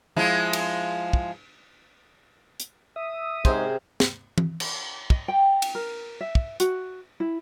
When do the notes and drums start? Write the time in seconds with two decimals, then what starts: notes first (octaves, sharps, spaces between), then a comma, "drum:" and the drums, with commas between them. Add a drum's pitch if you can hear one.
0.16 F3 G#3 E4
0.53 drum: cymbal
1.13 drum: kick
2.60 drum: hi-hat
2.96 E5 D#6
3.45 G#2 C3 C#4 G#4 A#4 C5 G#5, drum: kick
4.00 drum: snare
4.38 drum: tom E3
4.60 drum: cymbal
5.10 D#5, drum: kick
5.28 G5
5.62 drum: cymbal
5.75 A#4
6.21 E5
6.35 drum: kick
6.60 F#4, drum: hi-hat
7.20 E4